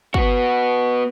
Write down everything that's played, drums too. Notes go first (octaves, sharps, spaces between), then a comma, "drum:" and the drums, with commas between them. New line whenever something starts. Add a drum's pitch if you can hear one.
B3 F#4, drum: kick